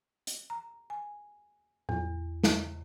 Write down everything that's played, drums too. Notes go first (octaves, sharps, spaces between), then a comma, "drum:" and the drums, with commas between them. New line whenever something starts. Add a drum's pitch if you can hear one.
drum: hi-hat
A#5
G#5
E2, drum: tom A2
drum: snare